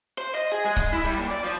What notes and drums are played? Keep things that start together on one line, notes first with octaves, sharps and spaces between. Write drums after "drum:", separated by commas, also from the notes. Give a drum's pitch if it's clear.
C5
D#5
G#4
G#3
G#3, drum: kick
E4
G3
A#2
D5
F3